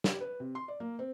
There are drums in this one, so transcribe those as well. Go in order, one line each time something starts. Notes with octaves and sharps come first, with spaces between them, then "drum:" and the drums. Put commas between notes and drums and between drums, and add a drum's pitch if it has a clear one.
G4, drum: snare
B4
C3
C6
D5
A#3
C4